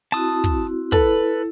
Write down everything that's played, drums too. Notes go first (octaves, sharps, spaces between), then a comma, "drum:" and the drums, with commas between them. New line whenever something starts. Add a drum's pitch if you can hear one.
C4 E4 F#4 A5 D#6
drum: kick, hi-hat
E4 A4 B4, drum: kick, open hi-hat